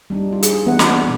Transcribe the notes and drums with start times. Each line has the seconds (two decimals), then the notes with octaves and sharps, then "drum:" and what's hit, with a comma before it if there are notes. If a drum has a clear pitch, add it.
0.10 G3 D4 D#4
0.31 D#4 F4
0.43 G#4, drum: hi-hat
0.66 E3 B3 D4 E4 B4 F#5
0.79 D4 F#4, drum: snare
1.03 B2